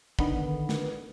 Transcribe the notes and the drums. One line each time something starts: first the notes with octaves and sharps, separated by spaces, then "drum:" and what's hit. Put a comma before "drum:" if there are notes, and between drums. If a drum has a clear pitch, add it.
D3 D#3 B3, drum: kick
drum: snare